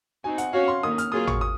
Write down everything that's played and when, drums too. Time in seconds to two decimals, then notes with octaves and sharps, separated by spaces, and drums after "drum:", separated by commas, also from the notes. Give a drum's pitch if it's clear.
0.24 C4 D#4 F#4 G#5
0.38 F#5, drum: hi-hat
0.53 C#4 F#4 C#5 F5
0.68 C6
0.83 D#3 A#3 C#4 D#6
0.98 F6, drum: hi-hat
1.12 F#3 A#3 F4 G#4 D#6
1.27 C#6, drum: tom G#1
1.41 D#6